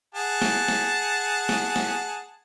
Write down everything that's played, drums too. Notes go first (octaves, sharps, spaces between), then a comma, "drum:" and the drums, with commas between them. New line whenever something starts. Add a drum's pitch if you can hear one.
G#4 F#5 A5
drum: snare
drum: snare
drum: snare
drum: snare